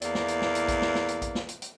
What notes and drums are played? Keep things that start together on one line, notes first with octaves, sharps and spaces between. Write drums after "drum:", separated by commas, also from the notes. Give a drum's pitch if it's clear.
E2 A#3 E4 D5, drum: hi-hat
drum: snare
drum: hi-hat
drum: snare
drum: hi-hat
drum: kick A#1, hi-hat
drum: snare
drum: snare
drum: hi-hat
drum: kick A#1, hi-hat
drum: snare
drum: hi-hat
drum: hi-hat